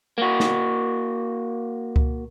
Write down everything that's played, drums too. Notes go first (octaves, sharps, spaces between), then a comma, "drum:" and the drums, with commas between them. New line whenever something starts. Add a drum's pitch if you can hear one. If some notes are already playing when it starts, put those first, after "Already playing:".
A#3 F#4
drum: snare
drum: kick C#2